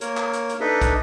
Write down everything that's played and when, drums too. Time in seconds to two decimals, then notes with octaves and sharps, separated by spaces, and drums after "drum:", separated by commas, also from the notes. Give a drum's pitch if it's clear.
0.01 A#3 A#4 C#5, drum: hi-hat
0.17 drum: clap
0.33 drum: hi-hat
0.49 drum: hi-hat
0.60 D4 D#4 A4 B4 D#5 E5
0.82 drum: kick, hi-hat